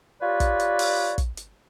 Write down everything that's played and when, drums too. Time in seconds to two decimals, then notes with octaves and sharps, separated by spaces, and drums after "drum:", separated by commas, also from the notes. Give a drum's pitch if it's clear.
0.21 F4 G4 B4 C#5 D5
0.40 drum: kick, hi-hat
0.60 drum: hi-hat
0.79 drum: open hi-hat
1.18 drum: kick, hi-hat
1.37 drum: hi-hat